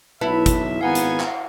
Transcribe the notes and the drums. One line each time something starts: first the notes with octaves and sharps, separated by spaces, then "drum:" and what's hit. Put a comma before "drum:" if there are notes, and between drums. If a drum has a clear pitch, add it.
B1 E4 B4 E5 A5
drum: kick, hi-hat
G#1 B3 F5 F#5 G#5 A#5
drum: hi-hat
drum: clap